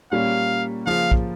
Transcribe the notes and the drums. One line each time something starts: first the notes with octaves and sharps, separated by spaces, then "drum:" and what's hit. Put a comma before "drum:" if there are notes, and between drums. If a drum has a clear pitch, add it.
A#2 G3 A#3 C#4 F5
C#3 F3 A#3 F4 F5
drum: kick